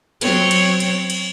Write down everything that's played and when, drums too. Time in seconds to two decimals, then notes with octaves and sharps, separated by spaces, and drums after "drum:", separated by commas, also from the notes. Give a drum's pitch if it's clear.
0.21 F#3 C4 C#5, drum: cymbal
0.51 drum: cymbal
0.80 drum: cymbal
1.10 drum: cymbal